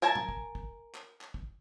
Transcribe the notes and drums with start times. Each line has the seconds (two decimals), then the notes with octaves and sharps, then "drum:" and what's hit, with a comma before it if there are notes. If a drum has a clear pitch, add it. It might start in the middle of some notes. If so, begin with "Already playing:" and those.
0.02 A#4 G#5 A5
0.15 drum: tom A2
0.29 drum: kick
0.55 drum: kick
0.95 drum: clap
1.21 drum: clap
1.34 drum: kick